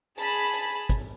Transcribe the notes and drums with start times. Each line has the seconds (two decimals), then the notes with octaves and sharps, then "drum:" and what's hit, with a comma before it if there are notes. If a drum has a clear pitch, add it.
0.18 G#4 A5 B5, drum: hi-hat
0.54 drum: hi-hat
0.89 drum: kick, hi-hat